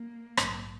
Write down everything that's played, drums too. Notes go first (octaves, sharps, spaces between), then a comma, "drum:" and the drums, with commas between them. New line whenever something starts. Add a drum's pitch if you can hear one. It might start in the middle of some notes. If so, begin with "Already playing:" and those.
Already playing: A#3
A#1 G#2 F#3 C#4, drum: rim click